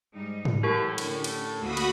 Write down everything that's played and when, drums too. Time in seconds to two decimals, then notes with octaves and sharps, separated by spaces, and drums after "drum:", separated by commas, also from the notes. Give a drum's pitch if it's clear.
0.14 G#2 G3 D#4
0.45 drum: tom G#2
0.63 A2 E3 F#3 A3 G4 A#4 C#6
0.98 D3 C#4, drum: cymbal
1.24 drum: cymbal
1.59 D2 A3 A#3 F#4 B5 D#6
1.77 drum: cymbal